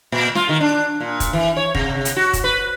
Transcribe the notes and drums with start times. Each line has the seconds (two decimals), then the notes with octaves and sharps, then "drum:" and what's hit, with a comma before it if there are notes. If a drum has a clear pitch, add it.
0.12 A#2
0.35 F4, drum: snare
0.49 D#3
0.61 D4
1.00 A#2
1.20 drum: kick, hi-hat
1.33 E3
1.57 C#5
1.75 C3, drum: kick
2.05 drum: hi-hat
2.16 F#4
2.33 drum: kick, hi-hat
2.44 B4